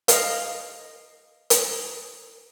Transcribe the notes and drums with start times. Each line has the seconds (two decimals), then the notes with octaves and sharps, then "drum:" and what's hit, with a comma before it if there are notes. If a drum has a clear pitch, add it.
0.08 D#5 F5, drum: hi-hat
1.50 drum: hi-hat